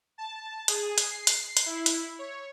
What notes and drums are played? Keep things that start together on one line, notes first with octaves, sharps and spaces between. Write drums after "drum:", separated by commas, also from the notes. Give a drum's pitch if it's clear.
A5
G#4, drum: hi-hat
drum: hi-hat
C7
drum: hi-hat
drum: hi-hat
E4
drum: hi-hat
C#5